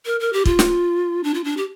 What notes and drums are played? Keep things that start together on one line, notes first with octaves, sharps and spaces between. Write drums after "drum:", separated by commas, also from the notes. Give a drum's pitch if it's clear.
A#4
A#4
G4
F4, drum: kick
drum: snare
D4
F4
D4
G4